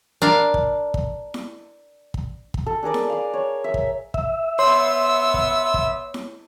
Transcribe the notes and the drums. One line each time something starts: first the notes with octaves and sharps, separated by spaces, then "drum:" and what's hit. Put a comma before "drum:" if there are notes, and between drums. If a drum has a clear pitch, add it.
D4 A#4 F5
drum: kick
drum: kick
drum: snare E4
drum: kick
drum: kick
A4
D4 G#4 A#4 D5
drum: snare E4
F5 D6
C#5
E5
drum: kick
E5, drum: kick
B3 C#5 C6 E6
drum: kick
drum: kick
drum: snare E4